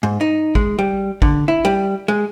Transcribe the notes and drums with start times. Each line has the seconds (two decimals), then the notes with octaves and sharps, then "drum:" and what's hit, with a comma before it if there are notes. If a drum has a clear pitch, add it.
0.03 G#2
0.21 D#4
0.55 G#3, drum: kick
0.79 G3
1.22 D3, drum: kick
1.48 E4
1.65 G3
2.08 G#3